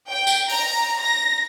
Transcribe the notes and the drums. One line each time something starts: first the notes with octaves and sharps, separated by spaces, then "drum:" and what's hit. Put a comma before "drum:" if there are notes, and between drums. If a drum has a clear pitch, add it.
G5
drum: tambourine
A#5, drum: open hi-hat
A#6